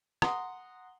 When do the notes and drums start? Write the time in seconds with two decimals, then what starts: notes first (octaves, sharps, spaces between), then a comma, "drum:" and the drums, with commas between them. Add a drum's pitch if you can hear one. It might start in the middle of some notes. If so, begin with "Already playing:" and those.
0.22 F#5 A#5 C6 D#6, drum: rim click